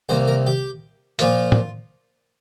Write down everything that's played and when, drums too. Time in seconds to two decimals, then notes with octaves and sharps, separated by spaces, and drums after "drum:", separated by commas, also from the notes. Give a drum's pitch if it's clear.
0.09 C2 C3 A#3 C5
0.28 A#4
0.47 G4
1.19 A#2 F3 A#3 F4, drum: hi-hat
1.52 drum: tom A2